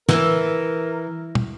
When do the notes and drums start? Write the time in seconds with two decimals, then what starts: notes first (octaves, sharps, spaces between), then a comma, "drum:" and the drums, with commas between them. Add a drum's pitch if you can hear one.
0.09 E3 A#4, drum: snare
1.35 drum: tom